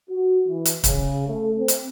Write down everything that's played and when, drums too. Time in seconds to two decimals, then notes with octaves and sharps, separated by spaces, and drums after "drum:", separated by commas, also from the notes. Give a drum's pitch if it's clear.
0.10 F#4
0.48 E3
0.65 drum: hi-hat
0.84 C#3, drum: kick, hi-hat
1.27 A3
1.58 C4
1.68 drum: hi-hat